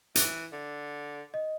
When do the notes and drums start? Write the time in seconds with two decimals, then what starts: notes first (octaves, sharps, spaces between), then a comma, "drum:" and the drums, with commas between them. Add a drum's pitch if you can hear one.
0.15 E3, drum: hi-hat
0.52 D3
1.34 D#5